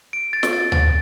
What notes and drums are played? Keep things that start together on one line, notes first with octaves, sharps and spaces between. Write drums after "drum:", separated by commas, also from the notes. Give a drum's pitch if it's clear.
D7
A6
drum: snare
A6
A6, drum: tom